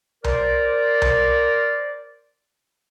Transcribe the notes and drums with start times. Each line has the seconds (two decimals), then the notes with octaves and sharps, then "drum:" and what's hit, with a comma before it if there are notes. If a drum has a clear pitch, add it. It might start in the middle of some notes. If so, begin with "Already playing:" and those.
0.24 A#4 C5 D5, drum: tom C2
1.02 drum: tom C2